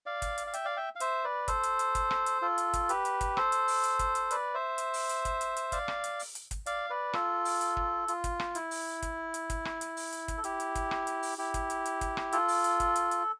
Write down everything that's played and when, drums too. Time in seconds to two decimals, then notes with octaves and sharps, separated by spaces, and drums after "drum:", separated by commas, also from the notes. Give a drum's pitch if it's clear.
0.06 D5 F5
0.22 drum: kick, hi-hat
0.38 drum: hi-hat
0.47 F5
0.54 E5 G5, drum: hi-hat
0.65 D5 F5
0.77 E5 G5
0.96 F5
1.00 C5 E5, drum: hi-hat
1.24 B4 D5
1.48 A4 C5, drum: kick, hi-hat
1.63 drum: hi-hat
1.79 drum: hi-hat
1.95 drum: kick, hi-hat
2.11 drum: rim click
2.26 drum: hi-hat
2.42 F4 A4
2.58 drum: hi-hat
2.73 drum: kick, hi-hat
2.89 G4 B4, drum: hi-hat
3.05 drum: hi-hat
3.21 drum: kick, hi-hat
3.37 A4 C5, drum: rim click
3.52 drum: hi-hat
3.68 drum: open hi-hat
3.84 drum: hi-hat
3.99 drum: kick, hi-hat
4.15 drum: hi-hat
4.31 B4 D5, drum: hi-hat
4.54 C5 E5
4.78 drum: hi-hat
4.94 drum: open hi-hat
5.09 drum: hi-hat
5.25 drum: kick, hi-hat
5.41 drum: hi-hat
5.57 drum: hi-hat
5.72 D5 F5, drum: kick, hi-hat
5.88 drum: rim click
6.04 drum: hi-hat
6.19 drum: open hi-hat
6.35 drum: hi-hat
6.51 drum: kick, hi-hat
6.66 D5 F5, drum: hi-hat
6.90 B4 D5
7.13 F4 A4, drum: rim click
7.45 drum: open hi-hat
7.61 drum: hi-hat
7.77 drum: kick
8.08 F4, drum: hi-hat
8.24 drum: kick, hi-hat
8.40 drum: rim click
8.55 E4, drum: hi-hat
8.71 drum: open hi-hat
9.02 drum: kick, hi-hat
9.34 drum: hi-hat
9.50 drum: kick, hi-hat
9.65 drum: rim click
9.81 drum: hi-hat
9.97 drum: open hi-hat
10.13 drum: hi-hat
10.28 drum: kick, hi-hat
10.38 A4
10.44 E4 G4, drum: hi-hat
10.60 drum: hi-hat
10.75 drum: kick, hi-hat
10.91 drum: rim click
11.07 drum: hi-hat
11.23 drum: open hi-hat
11.38 E4 G4
11.54 drum: kick, hi-hat
11.70 drum: hi-hat
11.85 drum: hi-hat
12.01 drum: kick, hi-hat
12.17 drum: rim click
12.32 F4 A4, drum: hi-hat
12.48 drum: open hi-hat
12.64 drum: hi-hat
12.80 drum: kick, hi-hat
12.96 drum: hi-hat
13.11 drum: hi-hat